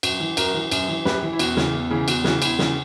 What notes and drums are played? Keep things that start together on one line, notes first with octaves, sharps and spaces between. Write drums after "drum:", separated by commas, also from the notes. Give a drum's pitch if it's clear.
F#2 F#4, drum: cymbal
E3
F#2 F#4 A#4, drum: cymbal
E3
F#2, drum: cymbal
E3
F#2 G4 B4, drum: snare
E3
E4
E2 F#4, drum: cymbal
C#3 E3, drum: snare
E2
C#3 E3
E2 F#4, drum: cymbal
C#3 E3 F#4, drum: snare
E2 E4, drum: cymbal
C#3 E3, drum: snare